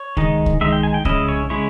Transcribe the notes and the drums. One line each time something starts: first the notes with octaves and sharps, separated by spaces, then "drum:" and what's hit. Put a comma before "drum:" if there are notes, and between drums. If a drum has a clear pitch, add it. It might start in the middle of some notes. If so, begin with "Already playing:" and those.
Already playing: C#5
D#3 G#3 D#4, drum: kick C2
drum: kick C2
D#3 G#3 D#4 E5
G5
G#5
G5
C#3 G#3 C#4 E4 D#5, drum: kick C2
C#5
C#3 G#3 C#4 E4 C#5